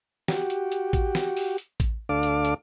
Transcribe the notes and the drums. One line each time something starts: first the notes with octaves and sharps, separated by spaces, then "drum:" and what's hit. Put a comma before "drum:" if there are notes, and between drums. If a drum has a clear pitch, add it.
F#4 G4, drum: snare
drum: hi-hat
drum: hi-hat
drum: kick A1, hi-hat
drum: snare
drum: open hi-hat
drum: hi-hat
drum: kick A1, hi-hat
D2 D4 A4 F5 D6
drum: hi-hat
drum: hi-hat